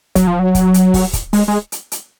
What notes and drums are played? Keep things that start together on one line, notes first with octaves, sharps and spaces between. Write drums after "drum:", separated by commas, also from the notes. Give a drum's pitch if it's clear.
F#3, drum: kick, hi-hat
F3
F#3
drum: kick, hi-hat
drum: hi-hat
drum: kick, open hi-hat
drum: kick, hi-hat
G#3, drum: open hi-hat
G#3
drum: hi-hat
drum: hi-hat